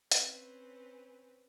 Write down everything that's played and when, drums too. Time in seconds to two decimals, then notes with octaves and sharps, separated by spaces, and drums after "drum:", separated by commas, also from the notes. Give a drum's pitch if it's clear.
0.12 C4 C#4 B4, drum: hi-hat